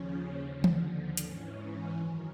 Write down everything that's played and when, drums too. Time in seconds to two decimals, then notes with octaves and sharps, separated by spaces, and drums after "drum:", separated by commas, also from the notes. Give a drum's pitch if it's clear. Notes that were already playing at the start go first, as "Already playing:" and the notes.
Already playing: D#2 C#3 F3 C#4
0.39 D#2 D3 F3
0.64 drum: tom E3
1.17 G#2 E3 C#4, drum: hi-hat
1.96 F#2 D#3